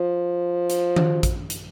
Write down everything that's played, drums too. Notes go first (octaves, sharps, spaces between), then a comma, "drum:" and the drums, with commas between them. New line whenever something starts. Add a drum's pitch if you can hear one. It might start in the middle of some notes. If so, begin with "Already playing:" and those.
Already playing: F3
drum: hi-hat
drum: tom D#3
drum: kick A1, hi-hat
drum: hi-hat